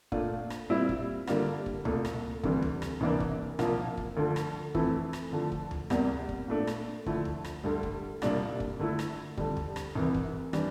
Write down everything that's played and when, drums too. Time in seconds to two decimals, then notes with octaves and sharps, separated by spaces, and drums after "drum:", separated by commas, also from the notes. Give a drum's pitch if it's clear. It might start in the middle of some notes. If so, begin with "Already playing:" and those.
0.12 A#2 A3 D4 F4, drum: kick
0.50 drum: rim click
0.70 A#2 G3 C4 E4
0.89 drum: kick
1.27 D3 G3 A#3 D4 F4, drum: rim click
1.66 drum: kick
1.85 C2 A#2 A3, drum: tom D2
2.05 drum: rim click
2.44 D2 C3 E3 G3, drum: kick
2.62 drum: tom D2
2.82 drum: rim click
3.01 C2 C3 E3 A#3 D4
3.20 drum: kick
3.59 C2 A#2 F3 A#3 F4, drum: rim click
3.97 drum: kick
4.17 D2 D3 F3
4.36 drum: rim click
4.75 F2 E3 A3 C4 E4, drum: kick
5.13 drum: rim click
5.32 D3 F3 A3
5.52 drum: kick
5.71 drum: tom D2
5.90 E2 C3 G3 A#3, drum: rim click
6.29 drum: kick
6.48 A#2 A3 D4
6.67 drum: rim click
7.06 D3 F3 A3 E4, drum: kick
7.25 drum: tom D2
7.44 drum: rim click
7.64 D2 D3 G3
7.83 drum: kick
8.22 C2 A#2 G3 D4 F4, drum: rim click
8.60 drum: kick
8.79 D3 A3 E4
8.99 drum: rim click
9.37 F2 D3 G3, drum: kick
9.57 drum: tom D2
9.76 drum: rim click
9.95 C2 C3 E3
10.14 drum: kick
10.53 E3 G3 D4, drum: rim click